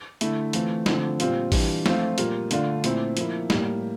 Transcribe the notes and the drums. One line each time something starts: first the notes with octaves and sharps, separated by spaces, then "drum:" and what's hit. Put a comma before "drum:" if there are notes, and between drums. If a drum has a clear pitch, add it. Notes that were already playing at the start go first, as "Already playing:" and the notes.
D3 A3 E4, drum: hi-hat
E3 A3 C4 F4, drum: hi-hat
D3 F3 A3 C4, drum: snare
A#2 G3 C4 F4, drum: hi-hat
E3 G3 D4 F4, drum: kick A1, open hi-hat
F3 A3 C4 F4, drum: snare
A#2 G3 A#3 F4, drum: hi-hat
D3 A3 D4 F4, drum: hi-hat
A#2 A3 C4 E4, drum: hi-hat
F3 A#3 E4, drum: hi-hat
A2 G3 A#3, drum: snare